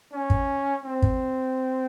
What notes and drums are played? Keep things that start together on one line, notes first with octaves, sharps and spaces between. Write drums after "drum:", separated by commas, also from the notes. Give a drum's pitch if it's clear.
C#4
drum: kick
C4
drum: kick